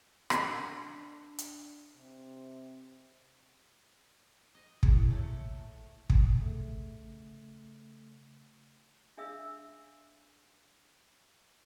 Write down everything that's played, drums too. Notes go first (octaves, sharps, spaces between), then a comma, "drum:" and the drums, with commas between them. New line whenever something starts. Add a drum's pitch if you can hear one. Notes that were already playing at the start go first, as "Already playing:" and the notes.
D4, drum: rim click
drum: hi-hat
C3
D#5
A#3 E4 G#4, drum: kick
A2 A3 C#5
A#3
drum: kick
C#3 A3
D4 G#4 E5 F5 E6